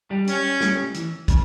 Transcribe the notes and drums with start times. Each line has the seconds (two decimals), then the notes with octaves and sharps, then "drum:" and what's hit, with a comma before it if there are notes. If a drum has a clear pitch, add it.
0.11 G3
0.27 C#4, drum: hi-hat
0.60 G3, drum: snare
0.94 E3, drum: hi-hat
1.28 C#3, drum: kick, hi-hat